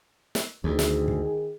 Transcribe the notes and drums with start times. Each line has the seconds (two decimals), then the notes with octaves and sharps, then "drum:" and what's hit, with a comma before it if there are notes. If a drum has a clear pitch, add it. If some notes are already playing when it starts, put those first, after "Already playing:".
0.35 drum: snare
0.64 D2 D#3 G#4
0.79 drum: snare
1.08 drum: kick